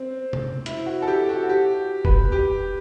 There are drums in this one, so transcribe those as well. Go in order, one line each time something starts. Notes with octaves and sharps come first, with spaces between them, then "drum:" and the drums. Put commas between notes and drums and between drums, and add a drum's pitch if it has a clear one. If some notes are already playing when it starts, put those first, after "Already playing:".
Already playing: C4
drum: tom C3
E4, drum: hi-hat
F#4
A4
G4
F#4
G4
B4, drum: kick
G4